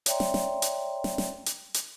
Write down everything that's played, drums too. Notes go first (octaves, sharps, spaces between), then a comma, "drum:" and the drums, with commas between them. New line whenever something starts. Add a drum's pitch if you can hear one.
C#5 D5 E5 G5 A#5 C6, drum: hi-hat
drum: snare
drum: snare
drum: hi-hat
drum: snare
drum: snare
drum: hi-hat
drum: hi-hat